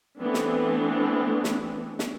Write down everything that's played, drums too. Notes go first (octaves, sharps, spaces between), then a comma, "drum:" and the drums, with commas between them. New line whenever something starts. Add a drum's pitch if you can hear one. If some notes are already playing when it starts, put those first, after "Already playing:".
E3 A3 B3 C4 D4
drum: snare
drum: snare
drum: snare